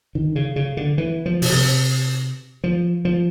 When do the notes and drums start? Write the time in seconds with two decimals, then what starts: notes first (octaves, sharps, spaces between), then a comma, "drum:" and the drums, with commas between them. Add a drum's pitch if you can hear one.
0.15 D#3
0.36 C#3
0.56 C#3
0.77 D3
0.98 E3
1.26 F3
1.42 B2, drum: open hi-hat
1.53 C3
2.64 F3
3.05 F3